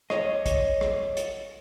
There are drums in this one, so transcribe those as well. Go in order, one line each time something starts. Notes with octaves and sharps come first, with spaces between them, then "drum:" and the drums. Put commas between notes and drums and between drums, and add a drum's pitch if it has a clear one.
C#5 D#5, drum: rim click
drum: kick, hi-hat
drum: rim click
drum: hi-hat